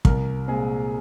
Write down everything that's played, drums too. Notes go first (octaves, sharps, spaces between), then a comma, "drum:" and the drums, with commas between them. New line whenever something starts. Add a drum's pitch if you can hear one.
C2 A#4, drum: kick
A#2 G#3 C4 G#4